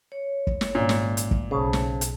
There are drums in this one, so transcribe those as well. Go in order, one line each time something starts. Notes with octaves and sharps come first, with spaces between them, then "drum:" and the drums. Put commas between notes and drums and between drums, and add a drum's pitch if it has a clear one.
C#5
drum: kick
drum: snare
G#1 A#2 C#4
drum: snare
drum: hi-hat
drum: kick
B1 C#3 C5 A5
drum: snare
drum: hi-hat